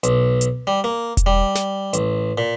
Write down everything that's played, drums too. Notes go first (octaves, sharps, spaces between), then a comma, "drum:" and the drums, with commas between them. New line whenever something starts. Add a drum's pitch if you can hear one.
B1, drum: hi-hat
drum: hi-hat
G3
A#3
drum: kick E1, hi-hat
G3
drum: snare
A1, drum: hi-hat
A#2